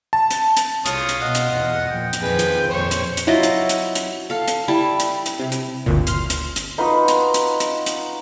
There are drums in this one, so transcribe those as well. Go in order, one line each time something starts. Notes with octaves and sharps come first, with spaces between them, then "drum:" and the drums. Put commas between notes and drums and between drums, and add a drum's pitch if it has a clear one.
A5
drum: hi-hat
drum: hi-hat
C2 F4 C#5 D#6, drum: hi-hat
drum: hi-hat
B2 D#5 F#5
drum: hi-hat
E2
A#2 F3 G5
drum: hi-hat
F2 D#3 F3 G#4 B4
drum: hi-hat
F2 A#2 C5 C#5 C#6
drum: hi-hat
drum: hi-hat
F#3 E4 F4 D#5
drum: hi-hat
drum: hi-hat
drum: hi-hat
A4 F5
drum: hi-hat
G3 E4 A5
drum: hi-hat
drum: hi-hat
C3
drum: hi-hat
G1 D2 A#2
C6 F6, drum: hi-hat
drum: hi-hat
drum: hi-hat
D#4 F4 F#4 B4
drum: hi-hat
drum: hi-hat
drum: hi-hat
drum: hi-hat